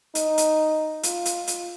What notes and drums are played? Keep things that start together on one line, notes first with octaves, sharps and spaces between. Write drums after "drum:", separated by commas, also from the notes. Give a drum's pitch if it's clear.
D#4, drum: hi-hat
drum: hi-hat
F4, drum: hi-hat
drum: hi-hat
drum: hi-hat